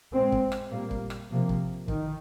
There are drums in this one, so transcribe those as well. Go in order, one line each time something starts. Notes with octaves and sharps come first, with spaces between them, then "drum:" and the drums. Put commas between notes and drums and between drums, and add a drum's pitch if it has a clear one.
A#2 G#3 C4
drum: kick
drum: rim click
A#2 G3 A#3
drum: kick
drum: rim click
C3 F3 A#3
drum: kick
D#3, drum: kick